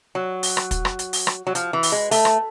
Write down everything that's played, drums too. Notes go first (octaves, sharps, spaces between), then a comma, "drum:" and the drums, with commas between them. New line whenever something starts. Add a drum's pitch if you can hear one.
F#3
drum: open hi-hat
drum: rim click
drum: kick, hi-hat
drum: rim click
drum: hi-hat
drum: open hi-hat
drum: rim click
F#3
F3, drum: hi-hat
E3
drum: open hi-hat
G#3
A3, drum: open hi-hat
drum: rim click